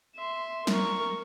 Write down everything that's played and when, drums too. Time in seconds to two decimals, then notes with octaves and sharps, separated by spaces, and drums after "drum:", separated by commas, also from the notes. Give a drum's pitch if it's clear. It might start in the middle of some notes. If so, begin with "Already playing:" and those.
0.15 E5 C6
0.67 A#4 C#6, drum: snare